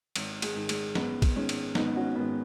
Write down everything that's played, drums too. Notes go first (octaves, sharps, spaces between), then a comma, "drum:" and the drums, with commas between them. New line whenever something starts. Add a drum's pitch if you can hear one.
G#1, drum: cymbal
G#3, drum: cymbal
G#2 D#3
G#3, drum: cymbal
G#1 B3, drum: snare
drum: kick A#1, cymbal
G#2 D#3 G#3 C#4
drum: cymbal
G#1 B3 D#4, drum: snare
C#4 F#4
G#2 D#3 B3